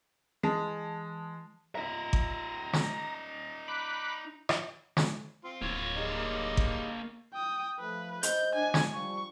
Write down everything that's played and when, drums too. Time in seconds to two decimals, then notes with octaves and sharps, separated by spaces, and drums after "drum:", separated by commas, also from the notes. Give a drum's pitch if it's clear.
0.43 E3 G#3 A5
1.75 D#4 E5 A#5
2.13 drum: kick G#1
2.73 drum: snare
3.68 B5 D6 F#6
4.49 drum: rim click
4.97 drum: snare
5.45 C4 F4
5.62 D1 A#3 C#5
5.97 G3 G#3 D#4
6.57 drum: kick G#1
7.33 G5 D#6
7.80 F3 A3 B4
8.23 C5 D#5 G6, drum: hi-hat
8.55 D4 G#5
8.74 drum: snare
8.94 F3 G3 C#6